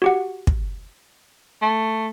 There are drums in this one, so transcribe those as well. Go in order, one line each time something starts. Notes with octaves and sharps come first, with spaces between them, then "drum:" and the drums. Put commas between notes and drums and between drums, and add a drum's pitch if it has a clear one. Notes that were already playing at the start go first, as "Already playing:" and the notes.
F#4 G4 F#5
drum: kick
A3